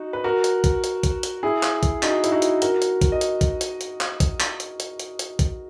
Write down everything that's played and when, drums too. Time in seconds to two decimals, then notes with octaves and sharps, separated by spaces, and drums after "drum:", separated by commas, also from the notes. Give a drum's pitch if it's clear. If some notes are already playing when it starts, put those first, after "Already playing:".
Already playing: D#4 F#4
0.13 B4
0.24 F#4 A#4
0.44 drum: hi-hat
0.64 drum: kick A#1, hi-hat
0.84 drum: hi-hat
1.03 drum: kick A#1, hi-hat
1.23 drum: hi-hat
1.43 E4 G#4
1.63 drum: clap
1.83 drum: kick A#1, hi-hat
2.03 D#4 F#4, drum: clap
2.24 E4, drum: hi-hat
2.32 D#4 F#4
2.42 drum: hi-hat
2.62 F#4 A#4, drum: hi-hat
2.82 drum: hi-hat
3.01 drum: kick A#1, hi-hat
3.12 D#5
3.21 drum: hi-hat
3.41 drum: kick A#1, hi-hat
3.61 drum: hi-hat
3.81 drum: hi-hat
4.00 drum: clap
4.20 drum: kick A#1, hi-hat
4.40 drum: clap
4.60 drum: hi-hat
4.80 drum: hi-hat
5.00 drum: hi-hat
5.19 drum: hi-hat
5.39 drum: kick A#1, hi-hat